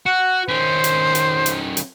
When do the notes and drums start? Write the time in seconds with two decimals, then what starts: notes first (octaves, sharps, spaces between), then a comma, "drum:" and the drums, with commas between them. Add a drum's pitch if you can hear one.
0.06 F#4 F#5
0.49 D#3 C#4 C5
0.84 drum: hi-hat
1.15 drum: hi-hat
1.46 drum: hi-hat
1.77 drum: hi-hat